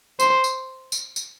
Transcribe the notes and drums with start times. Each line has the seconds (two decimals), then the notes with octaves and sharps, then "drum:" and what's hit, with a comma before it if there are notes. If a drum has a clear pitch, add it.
0.20 C5, drum: tambourine
0.44 drum: tambourine
0.92 drum: tambourine
1.16 drum: tambourine